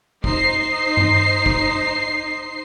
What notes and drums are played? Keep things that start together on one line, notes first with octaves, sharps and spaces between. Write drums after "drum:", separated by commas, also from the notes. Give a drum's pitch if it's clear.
D#4 C5 C7, drum: kick
drum: tom G2
drum: kick